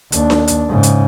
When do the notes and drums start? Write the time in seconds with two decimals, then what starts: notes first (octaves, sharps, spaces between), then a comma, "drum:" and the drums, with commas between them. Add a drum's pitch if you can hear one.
0.12 D#2 D4, drum: hi-hat
0.30 drum: snare D4
0.48 drum: hi-hat
0.69 G#2 C#3
0.83 drum: hi-hat